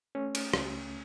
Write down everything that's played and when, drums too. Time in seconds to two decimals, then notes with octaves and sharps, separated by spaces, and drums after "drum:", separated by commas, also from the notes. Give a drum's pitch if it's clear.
0.15 A3 C#4
0.35 drum: cymbal
0.54 C#2, drum: rim click